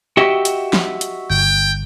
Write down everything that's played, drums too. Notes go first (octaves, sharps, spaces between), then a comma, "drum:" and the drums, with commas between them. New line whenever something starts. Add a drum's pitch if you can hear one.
F#4 G4 D#5 E5
drum: hi-hat
drum: snare
drum: hi-hat
G1 G5